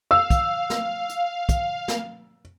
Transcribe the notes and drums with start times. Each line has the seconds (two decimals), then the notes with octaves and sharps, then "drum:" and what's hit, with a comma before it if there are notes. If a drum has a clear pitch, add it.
0.11 F5 E6
0.30 drum: kick, hi-hat
0.70 drum: snare
1.09 drum: hi-hat
1.49 drum: kick, hi-hat
1.88 drum: snare